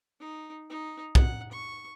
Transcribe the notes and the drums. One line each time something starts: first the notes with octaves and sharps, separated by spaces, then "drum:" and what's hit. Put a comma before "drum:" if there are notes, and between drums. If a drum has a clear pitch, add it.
D#4
D#4
F#5, drum: kick B1
C#6